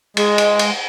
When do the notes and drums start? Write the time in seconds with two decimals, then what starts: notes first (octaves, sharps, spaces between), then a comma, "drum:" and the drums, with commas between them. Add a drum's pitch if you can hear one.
0.17 G#3, drum: cymbal
0.38 drum: cymbal
0.59 drum: cymbal